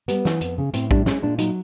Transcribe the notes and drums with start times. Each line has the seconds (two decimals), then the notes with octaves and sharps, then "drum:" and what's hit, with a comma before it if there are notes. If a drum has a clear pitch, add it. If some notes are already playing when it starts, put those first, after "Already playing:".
0.08 G3 B3, drum: hi-hat
0.25 E3, drum: snare
0.41 F2, drum: hi-hat
0.58 C#3
0.73 A2 C4, drum: hi-hat
0.91 G3 D4, drum: kick A#1
1.06 G#3 C#4, drum: snare
1.23 A#2 D4
1.38 F#3 D#4, drum: hi-hat